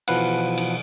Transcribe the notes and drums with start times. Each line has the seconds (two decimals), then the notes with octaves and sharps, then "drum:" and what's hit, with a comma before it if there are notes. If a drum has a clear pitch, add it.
0.08 B2 E3 F3 B4 F5 F#5, drum: cymbal
0.58 drum: cymbal